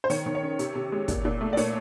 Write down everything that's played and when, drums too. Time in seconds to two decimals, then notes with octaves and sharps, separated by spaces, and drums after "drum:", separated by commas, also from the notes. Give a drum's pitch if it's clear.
0.04 C5
0.10 D#3 C#5, drum: open hi-hat
0.26 D#3
0.35 C#5
0.43 C#4
0.59 C3, drum: hi-hat
0.75 C3
0.92 G#3
1.08 A#2, drum: kick, hi-hat
1.25 A#2
1.41 A3
1.53 D5
1.57 A#2 C#5, drum: open hi-hat